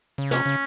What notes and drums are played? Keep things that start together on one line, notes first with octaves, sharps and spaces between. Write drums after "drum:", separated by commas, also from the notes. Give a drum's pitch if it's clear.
C#3
C3 C#4, drum: snare
C#3